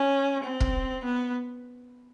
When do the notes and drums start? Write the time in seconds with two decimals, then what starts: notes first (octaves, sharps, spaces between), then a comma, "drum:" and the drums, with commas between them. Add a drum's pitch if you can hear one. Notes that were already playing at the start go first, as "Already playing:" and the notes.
Already playing: C#4
0.44 C4
0.60 drum: kick
1.05 B3